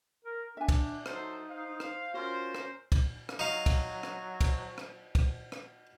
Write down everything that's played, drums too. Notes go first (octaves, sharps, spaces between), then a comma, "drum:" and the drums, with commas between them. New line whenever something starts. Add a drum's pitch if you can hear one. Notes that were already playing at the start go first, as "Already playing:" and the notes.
A#4
D4 E5 G#5
drum: kick, cymbal
F#3 D#4 A4 C5, drum: rim click
C5 F5
drum: rim click
C#4 F4 F#4 A#4 C5
drum: rim click
drum: kick, cymbal
drum: rim click
F#3 D#4 F5
drum: kick, cymbal
drum: rim click
drum: kick, cymbal
drum: rim click
drum: kick, cymbal
drum: rim click